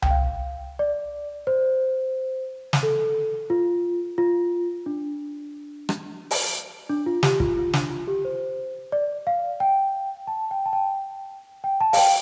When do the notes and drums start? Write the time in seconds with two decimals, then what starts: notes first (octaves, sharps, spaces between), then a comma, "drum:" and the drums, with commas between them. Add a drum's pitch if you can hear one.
0.02 G5, drum: tom C2
0.11 F5
0.79 D5
1.47 C5
2.73 drum: snare
2.83 A4
3.50 F4
4.18 F4
4.86 D4
5.89 drum: rim click
6.31 drum: open hi-hat
6.89 D4
7.06 F4
7.23 G4, drum: snare
7.40 F4, drum: kick
7.57 F4
7.73 D4, drum: snare
7.90 F4
8.08 G4
8.25 C5
8.92 D5
9.27 F5
9.60 G5
10.27 A5
10.51 G5
10.66 A5
10.73 G5
11.64 G5
11.81 A5
11.93 F5, drum: open hi-hat
11.97 G5